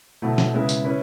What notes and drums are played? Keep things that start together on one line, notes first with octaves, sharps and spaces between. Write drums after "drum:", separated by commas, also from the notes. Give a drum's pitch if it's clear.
B2 F#3 A3 E4
drum: snare
C#3 G#3 B3 E4
drum: tambourine
C#4 E4 B4